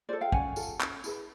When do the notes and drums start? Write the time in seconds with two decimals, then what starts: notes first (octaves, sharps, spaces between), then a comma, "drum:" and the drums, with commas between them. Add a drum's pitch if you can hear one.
0.09 F4 A4 C5 D5
0.21 F5 G5
0.32 C#4 F#5 G#5, drum: kick
0.56 F4 A4, drum: tambourine
0.80 C#4, drum: clap
1.04 E4 G#4 B4, drum: tambourine